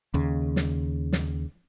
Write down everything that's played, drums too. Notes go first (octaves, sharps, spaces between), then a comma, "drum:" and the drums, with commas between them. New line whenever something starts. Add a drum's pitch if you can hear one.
D#2 C#3
drum: snare
drum: snare